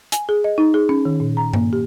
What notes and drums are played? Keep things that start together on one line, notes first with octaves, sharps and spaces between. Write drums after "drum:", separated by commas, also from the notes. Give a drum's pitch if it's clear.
G#5, drum: hi-hat
G#4
D#5
D#4
G#4
C#4
D#3
A#2
A#5
A#3, drum: tom G2
G4